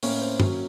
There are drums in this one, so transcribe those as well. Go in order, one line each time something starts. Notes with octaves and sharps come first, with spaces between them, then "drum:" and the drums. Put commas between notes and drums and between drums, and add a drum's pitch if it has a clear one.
A2 A#3 C#4, drum: open hi-hat
C4
F#3, drum: tom G2